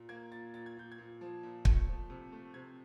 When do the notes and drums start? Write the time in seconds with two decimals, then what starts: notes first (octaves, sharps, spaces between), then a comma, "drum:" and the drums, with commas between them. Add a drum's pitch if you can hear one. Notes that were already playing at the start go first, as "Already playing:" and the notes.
Already playing: A#2
0.09 A#3 G#6
0.32 A#2 A6
0.54 A#2 A6
0.66 G#6
0.77 A#2 G6
0.92 G#6
0.98 A#2
1.21 F3
1.43 A#2
1.65 A3, drum: kick
1.88 F3
2.10 C3
2.32 A3
2.54 C3 G#6